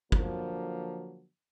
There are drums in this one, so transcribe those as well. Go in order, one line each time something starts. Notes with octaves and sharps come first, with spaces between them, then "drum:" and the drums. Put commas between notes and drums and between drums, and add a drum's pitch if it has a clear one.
D3 F3 F#3 A#3, drum: kick